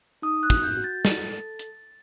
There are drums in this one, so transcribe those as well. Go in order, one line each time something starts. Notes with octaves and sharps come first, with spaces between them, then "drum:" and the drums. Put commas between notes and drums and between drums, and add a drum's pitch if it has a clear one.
D#4 D#6
F#6
F#4, drum: kick, hi-hat
G6
F#4
A6
A4, drum: snare
A4
drum: hi-hat